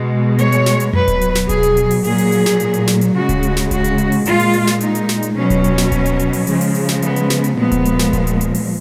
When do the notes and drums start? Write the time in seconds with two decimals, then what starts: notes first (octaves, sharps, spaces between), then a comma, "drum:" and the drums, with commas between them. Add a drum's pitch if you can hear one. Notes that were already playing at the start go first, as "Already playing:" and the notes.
Already playing: B2 G#3
0.39 C#5, drum: hi-hat
0.52 drum: hi-hat
0.66 drum: snare
0.80 drum: hi-hat
0.93 B2 F#3 B4, drum: tom F2
1.08 drum: kick D1, hi-hat
1.21 drum: hi-hat
1.35 drum: snare
1.49 G#4, drum: kick D1, hi-hat
1.63 drum: hi-hat
1.77 drum: hi-hat
1.91 drum: open hi-hat
2.04 A#2 F#3 G#4, drum: hi-hat
2.18 drum: open hi-hat
2.32 drum: hi-hat
2.46 drum: snare
2.60 drum: hi-hat
2.74 drum: hi-hat
2.87 drum: snare
3.01 drum: hi-hat
3.15 C#3 G#3 F#4
3.29 drum: kick D1, hi-hat
3.43 drum: hi-hat
3.57 drum: snare
3.71 F#4, drum: kick D1, hi-hat
3.84 drum: hi-hat
3.98 drum: hi-hat
4.12 drum: open hi-hat
4.26 A#2 G#3 F4, drum: hi-hat
4.40 drum: open hi-hat
4.53 drum: hi-hat
4.67 drum: snare
4.81 D#4, drum: hi-hat
4.95 drum: hi-hat
5.09 drum: snare
5.23 drum: hi-hat
5.36 B2 F#3 C#4
5.50 drum: kick D1, hi-hat
5.64 drum: hi-hat
5.78 drum: snare
5.92 drum: kick D1, hi-hat
6.06 drum: hi-hat
6.19 drum: hi-hat
6.33 drum: open hi-hat
6.47 C#3 F3 G#3, drum: hi-hat
6.61 drum: open hi-hat
6.75 drum: hi-hat
6.89 drum: snare
7.02 B3, drum: hi-hat
7.16 drum: hi-hat
7.30 drum: snare
7.44 drum: hi-hat
7.57 A#2 F3 G#3 B3, drum: tom A3
7.72 drum: kick D1, hi-hat
7.85 drum: hi-hat
7.99 drum: snare
8.13 drum: kick D1, hi-hat
8.27 drum: hi-hat
8.41 drum: hi-hat
8.55 drum: open hi-hat